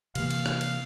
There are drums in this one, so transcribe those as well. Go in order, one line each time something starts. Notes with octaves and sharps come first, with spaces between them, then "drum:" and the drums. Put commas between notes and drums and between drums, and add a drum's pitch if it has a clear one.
C3 E3 A#3 F5, drum: cymbal
drum: cymbal
drum: rim click
drum: cymbal